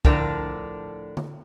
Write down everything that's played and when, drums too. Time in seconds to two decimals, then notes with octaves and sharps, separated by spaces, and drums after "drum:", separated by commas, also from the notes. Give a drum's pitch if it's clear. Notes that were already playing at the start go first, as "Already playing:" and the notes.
0.05 A2 D3 F3 D4 A#4 G5, drum: kick
1.17 drum: tom D3